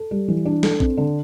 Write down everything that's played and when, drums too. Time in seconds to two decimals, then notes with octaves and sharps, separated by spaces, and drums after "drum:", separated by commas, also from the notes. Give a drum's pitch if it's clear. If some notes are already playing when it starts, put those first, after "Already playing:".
Already playing: A4
0.11 G3
0.28 E3
0.45 D4
0.63 A4, drum: snare
0.80 C4, drum: kick A#1
0.97 D3